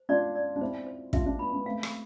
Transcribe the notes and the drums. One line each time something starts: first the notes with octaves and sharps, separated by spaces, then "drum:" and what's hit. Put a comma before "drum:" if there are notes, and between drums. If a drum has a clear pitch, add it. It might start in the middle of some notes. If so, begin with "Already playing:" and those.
Already playing: C5
D4 F4 D5
D5
D4
C4 E4 C5
C5
D4 F4 E5, drum: kick
D4 F4
B3 D4 B5
B3 D4
A3 C4 F5
drum: rim click